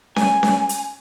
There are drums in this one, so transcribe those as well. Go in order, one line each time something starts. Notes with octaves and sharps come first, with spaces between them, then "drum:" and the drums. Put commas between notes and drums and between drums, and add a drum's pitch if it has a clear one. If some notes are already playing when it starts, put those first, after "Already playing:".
G#5, drum: snare C#4
drum: snare C#4
drum: hi-hat